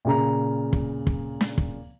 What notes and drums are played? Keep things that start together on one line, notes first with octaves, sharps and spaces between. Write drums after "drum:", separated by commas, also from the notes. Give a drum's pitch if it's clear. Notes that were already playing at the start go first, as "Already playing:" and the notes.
A#2 C#3 A#5
drum: kick
drum: kick
drum: snare
drum: kick